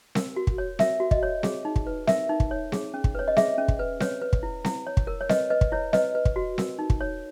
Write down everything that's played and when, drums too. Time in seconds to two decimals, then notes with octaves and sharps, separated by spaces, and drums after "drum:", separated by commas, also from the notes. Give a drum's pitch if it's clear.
0.15 A#4, drum: snare C4
0.36 F#4
0.47 drum: kick
0.58 C#5
0.79 A#4 E5, drum: snare C4
1.00 F#4
1.11 D#5, drum: kick
1.23 C#5
1.43 G#4, drum: snare C4
1.65 D#4
1.76 drum: kick
1.87 B4
2.07 A#4 E5, drum: snare C4
2.29 D#4
2.40 drum: kick
2.51 C#5
2.72 G#4, drum: snare C4
2.94 C#4
3.04 drum: kick
3.15 B4 C#5
3.28 D#5
3.37 G#4 E5, drum: snare C4
3.58 C#4
3.68 drum: kick
3.79 B4
4.00 B4 C#5, drum: snare C4
4.21 B4
4.33 drum: kick
4.43 E4
4.65 E4, drum: snare C4
4.87 C#5
4.97 drum: kick
5.07 A#4
5.21 C#5
5.29 B4 D#5, drum: snare C4
5.50 B4 D#5
5.61 drum: kick
5.72 E4 C#5
5.93 B4 D#5, drum: snare C4
6.15 B4
6.25 drum: kick
6.36 F#4
6.58 A#4, drum: snare C4
6.79 D#4
6.90 drum: kick
7.01 C#5